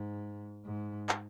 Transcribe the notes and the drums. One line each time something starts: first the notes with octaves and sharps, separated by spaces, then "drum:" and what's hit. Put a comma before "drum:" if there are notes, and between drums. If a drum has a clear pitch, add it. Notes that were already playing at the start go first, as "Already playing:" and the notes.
Already playing: G#2
G#2
drum: clap